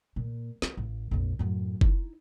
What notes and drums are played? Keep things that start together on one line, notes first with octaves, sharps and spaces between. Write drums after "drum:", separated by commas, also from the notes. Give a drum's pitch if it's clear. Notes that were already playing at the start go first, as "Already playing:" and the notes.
A#2
C4, drum: snare
A1
A#1 F2
F#2 A2
D#4 E4, drum: kick F#1